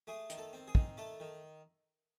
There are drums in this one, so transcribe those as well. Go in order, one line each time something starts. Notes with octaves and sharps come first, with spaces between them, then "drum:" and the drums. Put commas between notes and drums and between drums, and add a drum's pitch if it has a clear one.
A3 G#4
D#3, drum: hi-hat
A4
C4
G#4
D#3, drum: kick
A3 A4
D#3